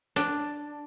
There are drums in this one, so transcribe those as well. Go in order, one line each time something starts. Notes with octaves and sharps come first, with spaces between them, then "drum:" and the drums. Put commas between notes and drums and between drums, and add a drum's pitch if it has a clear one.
D4, drum: hi-hat